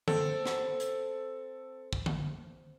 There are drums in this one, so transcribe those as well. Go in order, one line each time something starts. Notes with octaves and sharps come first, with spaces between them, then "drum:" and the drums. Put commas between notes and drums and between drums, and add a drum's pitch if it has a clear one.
C4 A4, drum: tom D3
drum: snare
drum: hi-hat
drum: kick
drum: tom D3